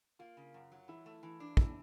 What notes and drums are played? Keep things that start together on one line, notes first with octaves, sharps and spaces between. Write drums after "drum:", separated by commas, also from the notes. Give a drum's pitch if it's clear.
A#3 F4
C#3
F#2
F#3
E3 E4
A3
E3
D4
E3 E4, drum: kick